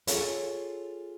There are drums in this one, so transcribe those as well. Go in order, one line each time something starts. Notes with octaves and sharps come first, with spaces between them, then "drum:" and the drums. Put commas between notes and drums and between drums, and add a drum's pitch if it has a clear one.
F4 G#4 A4 C#5, drum: hi-hat